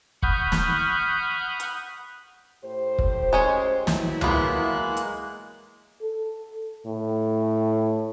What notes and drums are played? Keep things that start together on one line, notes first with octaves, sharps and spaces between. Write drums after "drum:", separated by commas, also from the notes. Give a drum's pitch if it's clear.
F#5 B5 C#6 D#6 F6 G6, drum: kick
drum: snare
drum: hi-hat
A2 G4 C5
drum: kick
G#3 C#4 C#5
E3 F#3 E4, drum: snare
G#3 A#3 B3 F4 F#6, drum: tom C#2
drum: hi-hat
A4
A2